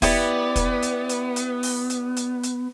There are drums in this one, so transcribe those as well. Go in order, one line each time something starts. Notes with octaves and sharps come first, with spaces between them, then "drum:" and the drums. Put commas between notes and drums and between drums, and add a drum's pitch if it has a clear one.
B3 E4 G4 D5, drum: kick, open hi-hat
drum: kick, hi-hat
drum: hi-hat
drum: hi-hat
drum: hi-hat
drum: open hi-hat
drum: hi-hat
drum: hi-hat
drum: hi-hat